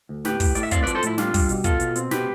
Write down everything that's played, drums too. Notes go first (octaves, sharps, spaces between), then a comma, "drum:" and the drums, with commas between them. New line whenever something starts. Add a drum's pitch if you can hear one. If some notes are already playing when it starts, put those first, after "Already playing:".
D2
A2 G4 B4, drum: snare
A2, drum: kick, open hi-hat
A2 D5, drum: hi-hat
E5
C4 D5 F5, drum: kick, hi-hat
B4 D5
F3, drum: hi-hat
A4 C5
A2 E4, drum: hi-hat
G3 D4 F4, drum: snare
G3, drum: kick, open hi-hat
B2, drum: hi-hat
B2 F4 A4, drum: kick, hi-hat
B2, drum: hi-hat
C4, drum: hi-hat
B2 G4 B4, drum: snare